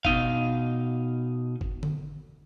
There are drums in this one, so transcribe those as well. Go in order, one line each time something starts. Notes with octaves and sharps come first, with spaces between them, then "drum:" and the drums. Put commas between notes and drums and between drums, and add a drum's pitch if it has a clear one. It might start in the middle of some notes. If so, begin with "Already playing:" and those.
B2 D#4 F5, drum: kick
drum: kick
drum: tom D3